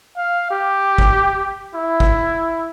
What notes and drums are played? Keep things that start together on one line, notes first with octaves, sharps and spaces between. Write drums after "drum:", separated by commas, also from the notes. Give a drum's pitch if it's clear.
F5
G4
drum: kick
E4
drum: kick